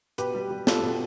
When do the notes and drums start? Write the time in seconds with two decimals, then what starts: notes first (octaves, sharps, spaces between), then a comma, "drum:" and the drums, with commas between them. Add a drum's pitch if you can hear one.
0.18 B2 G4 B4, drum: hi-hat
0.34 G3
0.51 G3
0.67 G3 F4 A4, drum: snare
0.82 B2